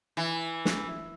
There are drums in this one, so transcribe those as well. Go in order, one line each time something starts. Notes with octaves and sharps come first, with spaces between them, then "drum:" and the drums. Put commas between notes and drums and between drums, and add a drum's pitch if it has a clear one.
E3
drum: snare